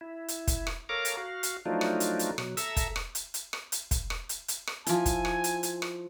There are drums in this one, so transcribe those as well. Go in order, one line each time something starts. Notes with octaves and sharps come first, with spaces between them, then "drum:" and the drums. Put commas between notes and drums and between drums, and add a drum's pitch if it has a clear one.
E4
drum: hi-hat
drum: kick, hi-hat
drum: rim click
A4 A#4 C#5 F5 A#5 D6
drum: hi-hat
F#4 F5
drum: hi-hat
F3 F#3 A3 D4 D#4 F4
drum: rim click
drum: hi-hat
drum: hi-hat
B2 F#3, drum: rim click
A4 E5 A#5 E6, drum: hi-hat
drum: kick, hi-hat
drum: rim click
drum: hi-hat
drum: hi-hat
drum: rim click
drum: hi-hat
drum: kick, hi-hat
drum: rim click
drum: hi-hat
drum: hi-hat
drum: rim click
F3 E4 G#5, drum: hi-hat
drum: kick, hi-hat
drum: rim click
drum: hi-hat
drum: hi-hat
drum: rim click